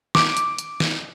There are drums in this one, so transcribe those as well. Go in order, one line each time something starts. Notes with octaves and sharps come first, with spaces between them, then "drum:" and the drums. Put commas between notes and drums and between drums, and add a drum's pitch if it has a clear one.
D6, drum: snare
drum: hi-hat
drum: hi-hat
drum: snare